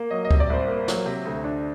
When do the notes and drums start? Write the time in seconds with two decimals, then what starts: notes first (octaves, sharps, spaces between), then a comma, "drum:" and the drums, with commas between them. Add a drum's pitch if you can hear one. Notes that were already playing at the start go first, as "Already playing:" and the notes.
Already playing: A#3
0.11 F#3 D#5
0.25 D#5
0.31 C3, drum: kick C#2
0.40 D5
0.50 C2 C5
0.68 A#3
0.88 F#3, drum: snare
1.06 C3
1.25 D2
1.44 D4